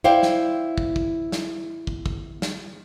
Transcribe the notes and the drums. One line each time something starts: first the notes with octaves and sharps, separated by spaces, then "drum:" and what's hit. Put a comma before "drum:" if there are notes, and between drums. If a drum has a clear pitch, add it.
E4 C5 D5 F5 G5
drum: snare
drum: kick
drum: kick
drum: snare
drum: kick
drum: kick
drum: snare